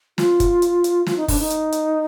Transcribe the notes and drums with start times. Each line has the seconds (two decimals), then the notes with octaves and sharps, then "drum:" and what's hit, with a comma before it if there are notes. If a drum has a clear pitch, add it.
0.18 F4, drum: snare
0.40 drum: kick, hi-hat
0.62 drum: hi-hat
0.84 drum: hi-hat
1.07 F4, drum: snare
1.17 D#4
1.28 D4, drum: kick, open hi-hat
1.39 D#4
1.50 drum: hi-hat
1.72 drum: hi-hat